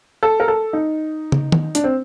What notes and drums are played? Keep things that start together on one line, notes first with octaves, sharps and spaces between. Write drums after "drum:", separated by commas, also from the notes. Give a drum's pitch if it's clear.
A4
A#4
A4
D#4
drum: tom
drum: tom D#3
D4, drum: hi-hat
C4